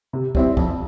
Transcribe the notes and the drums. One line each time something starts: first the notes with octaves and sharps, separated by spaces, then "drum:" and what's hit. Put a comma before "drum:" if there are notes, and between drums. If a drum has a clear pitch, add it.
C3
G3 C4 E4, drum: kick
F2, drum: kick